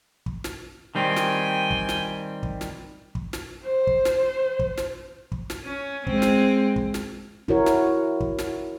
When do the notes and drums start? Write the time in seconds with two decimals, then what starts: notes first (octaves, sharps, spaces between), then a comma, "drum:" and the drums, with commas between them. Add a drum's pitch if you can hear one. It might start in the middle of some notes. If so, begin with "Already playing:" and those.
0.26 drum: kick
0.44 drum: snare
0.95 D#3 G3 C4 G5 G#5
1.16 drum: snare
1.71 drum: kick
1.89 drum: snare
2.43 drum: kick
2.61 drum: snare
3.15 drum: kick
3.33 drum: snare
3.64 C5
3.87 drum: kick
4.05 drum: snare
4.59 drum: kick
4.77 drum: snare
5.32 drum: kick
5.50 drum: snare
5.64 C#4
6.07 G#3 C4, drum: kick
6.22 drum: snare
6.76 drum: kick
6.94 drum: snare
7.48 E4 F#4 A#4 C#5, drum: kick
7.66 drum: snare
8.20 drum: kick
8.38 drum: snare